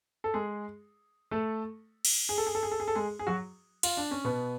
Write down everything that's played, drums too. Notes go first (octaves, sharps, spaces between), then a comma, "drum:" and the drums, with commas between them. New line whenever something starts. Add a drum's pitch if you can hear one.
A4
G#3 G#4
A3 A4
drum: cymbal
G#4
A4
G#4
A4
G#4
A4
G#4
A4
G#3 G#4
G#4
F#3 F#4
F4, drum: cymbal
D4
C#4
B2 B3